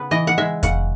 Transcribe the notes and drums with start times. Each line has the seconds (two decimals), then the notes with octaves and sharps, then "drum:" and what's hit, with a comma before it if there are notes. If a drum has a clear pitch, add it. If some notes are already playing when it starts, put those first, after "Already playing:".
Already playing: C#3 B3 B4
0.11 E3 D#5
0.27 F#5
0.38 G#3 E5
0.63 C#3 F#5, drum: kick F1, hi-hat